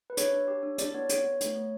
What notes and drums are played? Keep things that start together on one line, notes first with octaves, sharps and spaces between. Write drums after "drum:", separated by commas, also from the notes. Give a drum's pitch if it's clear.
B4
G4 C#5, drum: hi-hat
D4
G4
D4
E4 D5, drum: hi-hat
B3 C#5
B3 C#5, drum: hi-hat
B3
A3, drum: hi-hat
A3